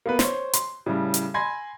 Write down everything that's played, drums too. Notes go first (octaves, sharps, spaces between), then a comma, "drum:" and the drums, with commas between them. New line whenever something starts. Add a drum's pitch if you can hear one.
A#3 B3 B4
C5 C#5, drum: snare
C6, drum: hi-hat
A2 C#3 G3
drum: hi-hat
G#5 B5 C6 G#6 A#6